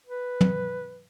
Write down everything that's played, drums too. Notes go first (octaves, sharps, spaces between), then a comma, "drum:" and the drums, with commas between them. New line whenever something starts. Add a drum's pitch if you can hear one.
B4
drum: tom